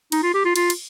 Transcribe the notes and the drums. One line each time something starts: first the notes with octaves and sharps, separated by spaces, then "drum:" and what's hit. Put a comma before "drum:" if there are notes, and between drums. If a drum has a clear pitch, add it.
D#4, drum: cymbal
F4
G4
F4
F4, drum: cymbal
drum: cymbal